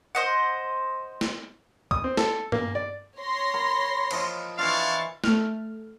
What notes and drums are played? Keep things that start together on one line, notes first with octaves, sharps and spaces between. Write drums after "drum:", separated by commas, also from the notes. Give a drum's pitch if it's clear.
C5 D#5 F#5
drum: snare
D#6, drum: kick
C4
A4, drum: snare
A#3, drum: tom
D5
C#5 C6 A#6
A#4 B5
F3 D#5 F5, drum: cymbal
E3 D4 E4 F4 F5 C#6 A6
A3 F6, drum: snare